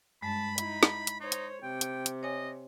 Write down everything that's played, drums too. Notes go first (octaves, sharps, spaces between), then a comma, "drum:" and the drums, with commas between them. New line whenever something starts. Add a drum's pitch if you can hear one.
G2 G#3 A5 B5
D#4 E4, drum: hi-hat
drum: snare
drum: hi-hat
D#4 C5 C#5
drum: hi-hat
C3 G5
drum: hi-hat
drum: hi-hat
C#5 D#5 G#5